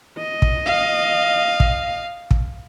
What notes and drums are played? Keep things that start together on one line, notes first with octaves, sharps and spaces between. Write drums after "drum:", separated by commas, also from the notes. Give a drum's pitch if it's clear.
D#5
drum: kick
F5
drum: kick
drum: kick